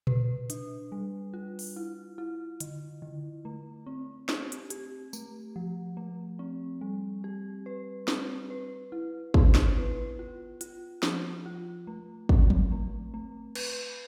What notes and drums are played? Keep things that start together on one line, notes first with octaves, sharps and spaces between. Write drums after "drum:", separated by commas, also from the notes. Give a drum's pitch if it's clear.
B4, drum: tom A#2
D4, drum: hi-hat
G3
F4
drum: open hi-hat
E4
E4
D3, drum: hi-hat
D3
A3
C4
G4, drum: snare
drum: hi-hat
G4, drum: hi-hat
A3, drum: tambourine
F3
A3
C4
G3
G4
B4
C4, drum: snare
B4
E4
B3, drum: kick
drum: snare
B4
F4
F4, drum: hi-hat
F3, drum: snare
F4
A3
C4, drum: kick
drum: tom F3
A3
A3
B4, drum: cymbal